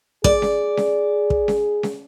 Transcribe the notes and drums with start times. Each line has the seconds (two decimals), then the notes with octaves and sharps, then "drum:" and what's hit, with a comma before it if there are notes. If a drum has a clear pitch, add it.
0.24 G#4 D5, drum: kick
0.42 drum: snare C#4
0.77 drum: snare C#4
1.30 drum: kick
1.48 drum: snare C#4
1.83 drum: snare C#4